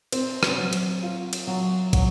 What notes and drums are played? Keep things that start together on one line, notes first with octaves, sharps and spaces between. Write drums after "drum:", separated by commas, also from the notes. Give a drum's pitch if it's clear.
C4, drum: cymbal
drum: rim click
F#3
drum: cymbal
F4
drum: cymbal
F#3
F#3, drum: kick, cymbal